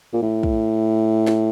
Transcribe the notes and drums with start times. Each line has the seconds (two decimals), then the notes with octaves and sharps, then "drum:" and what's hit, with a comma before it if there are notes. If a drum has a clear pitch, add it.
0.13 A#2
0.22 A2
0.43 drum: kick
1.27 drum: snare